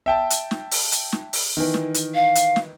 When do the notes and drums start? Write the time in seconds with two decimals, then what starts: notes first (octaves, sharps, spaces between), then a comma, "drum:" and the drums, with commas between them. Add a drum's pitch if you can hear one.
0.06 E5 G5 A5
0.30 drum: hi-hat
0.51 drum: snare
0.71 drum: open hi-hat
0.92 drum: hi-hat
1.12 drum: snare
1.33 drum: open hi-hat
1.57 D#3 E3
1.74 drum: snare
1.94 drum: hi-hat
2.15 F5
2.35 drum: hi-hat
2.56 drum: snare